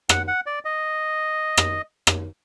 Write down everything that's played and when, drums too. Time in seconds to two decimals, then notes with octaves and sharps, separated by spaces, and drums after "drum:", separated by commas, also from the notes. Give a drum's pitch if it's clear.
0.09 F#5, drum: rim click
0.28 F#5
0.46 D5
0.65 D#5
1.57 drum: rim click
2.07 drum: rim click